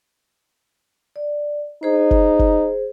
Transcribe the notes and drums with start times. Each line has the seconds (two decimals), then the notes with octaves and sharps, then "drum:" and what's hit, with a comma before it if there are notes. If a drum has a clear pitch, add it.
1.16 D5
1.83 D#4 G#4 C5
2.11 drum: kick
2.39 drum: kick